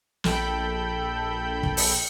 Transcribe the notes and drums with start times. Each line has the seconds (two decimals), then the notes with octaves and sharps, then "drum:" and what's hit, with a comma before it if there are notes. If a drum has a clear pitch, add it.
0.24 A#1 A4 G5 B5 E6 G6, drum: snare
1.63 drum: kick
1.77 drum: open hi-hat